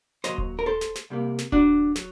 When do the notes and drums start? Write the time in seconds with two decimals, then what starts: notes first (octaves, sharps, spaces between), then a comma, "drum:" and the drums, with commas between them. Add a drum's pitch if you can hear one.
0.24 D#2 D#3 F#3 C5 D#5, drum: snare
0.38 drum: kick D#1
0.59 A#4
0.66 A4 C5
0.81 drum: snare
0.95 drum: snare
1.10 C2 C3 G3 A#3
1.39 drum: snare
1.52 D4 F#4, drum: kick D#1
1.96 F#3, drum: snare